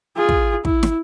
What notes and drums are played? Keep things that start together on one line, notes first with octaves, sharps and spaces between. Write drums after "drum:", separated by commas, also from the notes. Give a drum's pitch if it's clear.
F4 G#4
drum: kick
E4, drum: kick
drum: snare